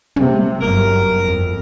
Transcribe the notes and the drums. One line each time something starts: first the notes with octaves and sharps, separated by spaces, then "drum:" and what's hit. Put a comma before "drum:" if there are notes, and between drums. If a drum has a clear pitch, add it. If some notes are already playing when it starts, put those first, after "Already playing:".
C3, drum: tom
G1 F#2 A#4
F2